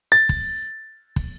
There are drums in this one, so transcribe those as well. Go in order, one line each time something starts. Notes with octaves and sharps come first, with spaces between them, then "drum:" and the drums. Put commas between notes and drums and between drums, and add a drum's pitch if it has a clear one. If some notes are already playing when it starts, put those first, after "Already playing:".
A6
drum: kick
drum: kick